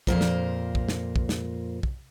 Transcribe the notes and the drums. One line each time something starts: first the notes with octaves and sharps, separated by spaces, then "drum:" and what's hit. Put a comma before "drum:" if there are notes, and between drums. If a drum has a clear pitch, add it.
F2 A#2 C#3 F#3 A#4 C5, drum: kick
drum: snare
drum: kick
drum: snare
drum: kick
drum: snare
drum: kick